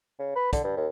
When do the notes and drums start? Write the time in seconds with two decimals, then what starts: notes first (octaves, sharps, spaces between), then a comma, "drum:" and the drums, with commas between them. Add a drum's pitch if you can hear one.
0.19 C#3
0.36 B4
0.53 D3, drum: kick, hi-hat
0.64 G2
0.77 D#2